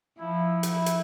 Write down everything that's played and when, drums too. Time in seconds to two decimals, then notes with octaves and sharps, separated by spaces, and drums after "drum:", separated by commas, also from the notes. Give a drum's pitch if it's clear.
0.19 F3 E4
0.63 E4, drum: hi-hat
0.86 drum: hi-hat